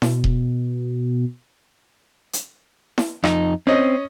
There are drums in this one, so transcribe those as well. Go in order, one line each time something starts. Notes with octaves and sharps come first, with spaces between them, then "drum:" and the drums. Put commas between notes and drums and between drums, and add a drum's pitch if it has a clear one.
B2, drum: snare E4
drum: kick D#1
drum: hi-hat
drum: snare E4
F2 D#4, drum: rim click
C4 C#4 D#5